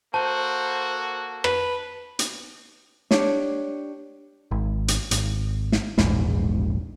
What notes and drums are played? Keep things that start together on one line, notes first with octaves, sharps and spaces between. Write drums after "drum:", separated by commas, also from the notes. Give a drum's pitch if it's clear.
A#3 F#4 A4 C5 A5
B4, drum: rim click
drum: hi-hat
D4 G4 C#5, drum: snare
G#1
drum: hi-hat
G#1, drum: hi-hat
drum: snare
E1 A#1 E2 G#2, drum: snare